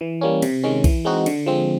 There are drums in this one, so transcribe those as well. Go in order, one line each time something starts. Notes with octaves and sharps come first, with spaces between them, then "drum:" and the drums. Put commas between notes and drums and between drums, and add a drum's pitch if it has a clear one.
E3
G3 A#3 C#4
C3, drum: cymbal
D#3 G#3 C#4
E3, drum: kick B1, cymbal
G#3 C4 D#4 F#4
D3, drum: cymbal
F3 G#3 C4